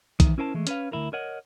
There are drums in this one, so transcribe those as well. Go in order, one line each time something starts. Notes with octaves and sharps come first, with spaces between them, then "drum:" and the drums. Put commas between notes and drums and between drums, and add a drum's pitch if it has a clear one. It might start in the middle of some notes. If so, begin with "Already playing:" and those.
D#3 E3, drum: kick, hi-hat
C#4 E4 A#4 C5 G#5 A5
E3 G#3 A3
C#4 B4 F5, drum: hi-hat
D2 C#3 E4 A#4
A#4 C#5 D#5 F#5